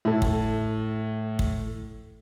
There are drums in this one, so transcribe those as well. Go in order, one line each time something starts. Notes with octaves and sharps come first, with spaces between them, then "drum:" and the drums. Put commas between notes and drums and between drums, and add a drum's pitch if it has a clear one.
A2 E4 A4
drum: kick
drum: kick